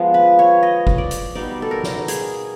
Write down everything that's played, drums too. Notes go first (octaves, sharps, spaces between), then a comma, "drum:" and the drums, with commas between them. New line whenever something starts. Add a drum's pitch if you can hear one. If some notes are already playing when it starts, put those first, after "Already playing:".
Already playing: F3 G#3 B3
B4
C#5
D#5
drum: kick G#1
D5
drum: hi-hat
B2 G3 B3 D#4 D5
A4
A#4
drum: snare
G#4, drum: hi-hat